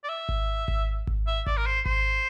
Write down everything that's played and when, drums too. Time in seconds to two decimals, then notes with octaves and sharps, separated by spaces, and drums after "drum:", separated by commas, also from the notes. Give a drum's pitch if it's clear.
0.04 D5
0.09 E5
0.29 drum: kick G#1
0.68 drum: kick G#1
1.07 drum: kick G#1
1.27 E5
1.47 D5, drum: kick G#1
1.58 A#4
1.66 C5
1.86 C5, drum: kick G#1